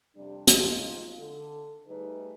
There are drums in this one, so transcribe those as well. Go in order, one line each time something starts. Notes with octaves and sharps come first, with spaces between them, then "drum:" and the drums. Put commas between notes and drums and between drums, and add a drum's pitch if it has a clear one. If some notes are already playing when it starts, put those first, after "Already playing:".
F2 C3 G3 D4
F3 G#3 C4 D#4 F4, drum: hi-hat
D3 A4
G3 A3 D#4 G#4 B4